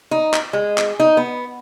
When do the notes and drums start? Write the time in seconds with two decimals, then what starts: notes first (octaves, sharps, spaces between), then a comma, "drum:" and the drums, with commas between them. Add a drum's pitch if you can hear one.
0.11 D#4
0.34 drum: clap
0.53 G#3
0.78 drum: clap
1.00 D#4
1.17 B3